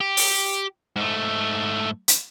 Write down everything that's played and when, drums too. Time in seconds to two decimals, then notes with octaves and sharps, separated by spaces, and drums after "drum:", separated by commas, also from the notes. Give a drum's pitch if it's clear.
0.01 G4
0.17 drum: open hi-hat
0.96 G#2 A3
2.08 drum: hi-hat